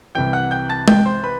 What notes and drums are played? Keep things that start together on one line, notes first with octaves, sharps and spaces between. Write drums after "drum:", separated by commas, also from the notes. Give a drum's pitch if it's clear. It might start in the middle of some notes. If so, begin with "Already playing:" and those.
C2 C3 E3 G5 G6
F#5 F#6
G5 G6
A5 A6
G5 G6, drum: tom G#3
C5 C6
B4 B5